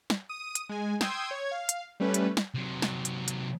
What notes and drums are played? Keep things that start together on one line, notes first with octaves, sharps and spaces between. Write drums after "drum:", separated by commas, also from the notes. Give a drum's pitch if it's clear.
drum: snare
D#6 D#7
drum: hi-hat
G#3 G#5
G5 C6 D#6 E6 G6 G#6, drum: snare
C#5 G#6
F5
drum: hi-hat
G3 A3 C#4 B4
drum: hi-hat
drum: snare
C3 F#3
drum: snare
drum: hi-hat
drum: hi-hat